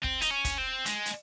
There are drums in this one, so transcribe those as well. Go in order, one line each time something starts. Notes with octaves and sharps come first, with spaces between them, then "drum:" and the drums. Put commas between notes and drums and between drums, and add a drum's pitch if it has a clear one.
C4, drum: kick
D#4, drum: hi-hat
C#4
drum: kick, hi-hat
C4
G#3, drum: hi-hat
drum: hi-hat